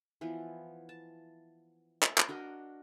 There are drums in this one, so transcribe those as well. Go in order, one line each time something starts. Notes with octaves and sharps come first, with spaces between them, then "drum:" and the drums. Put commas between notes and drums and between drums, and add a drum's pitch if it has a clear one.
E3 F3 B3
A5
drum: clap
drum: clap
D4 F#4 A#4 D#5